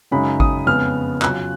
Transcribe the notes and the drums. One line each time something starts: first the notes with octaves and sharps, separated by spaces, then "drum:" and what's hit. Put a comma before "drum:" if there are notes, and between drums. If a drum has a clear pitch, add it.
F#2 C#3 G#3 D#4 B5
D#6, drum: kick G#1
F2 C#3 G#3 B3 F6
C#3 F#3 C#4 F4 F#6, drum: clap